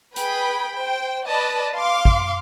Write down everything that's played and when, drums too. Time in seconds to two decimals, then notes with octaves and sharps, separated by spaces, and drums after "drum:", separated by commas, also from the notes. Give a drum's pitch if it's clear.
0.16 G#4 B4 G5 B5, drum: hi-hat
0.76 C5 G5
1.26 B4 D5 D#5 A5 B5
1.77 F5 C6 D6
2.05 drum: kick